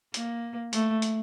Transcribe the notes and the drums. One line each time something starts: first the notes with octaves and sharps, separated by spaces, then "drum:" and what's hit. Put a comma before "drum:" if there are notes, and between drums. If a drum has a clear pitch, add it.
A#3, drum: hi-hat
A3, drum: hi-hat
drum: hi-hat